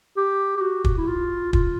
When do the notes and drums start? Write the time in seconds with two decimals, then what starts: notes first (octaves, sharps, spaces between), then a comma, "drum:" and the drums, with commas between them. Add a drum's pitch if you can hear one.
0.17 G4
0.57 G4
0.61 F#4
0.84 drum: kick
0.97 E4
1.08 F4
1.53 F4, drum: kick